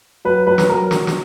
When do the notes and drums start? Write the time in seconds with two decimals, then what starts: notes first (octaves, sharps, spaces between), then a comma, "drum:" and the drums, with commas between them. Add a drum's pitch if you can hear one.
0.25 F#3 B4
0.47 F#3 B4
0.58 drum: snare
0.69 F#3 A#4
0.91 drum: snare
1.07 drum: snare